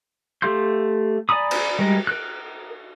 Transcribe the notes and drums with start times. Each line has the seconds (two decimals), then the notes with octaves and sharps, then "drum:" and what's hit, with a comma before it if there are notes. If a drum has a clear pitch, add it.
0.42 A3 G4 F5 C6 G6
1.29 D5 G#5 A#5 B5 D#6
1.51 drum: cymbal
1.79 G3 G#3 A#4
2.07 A#4 F#6